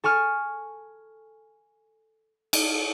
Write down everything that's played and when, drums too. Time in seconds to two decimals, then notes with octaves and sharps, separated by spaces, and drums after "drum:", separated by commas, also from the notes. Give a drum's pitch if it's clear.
0.04 A4 G#5 C#6 F6
2.53 drum: cymbal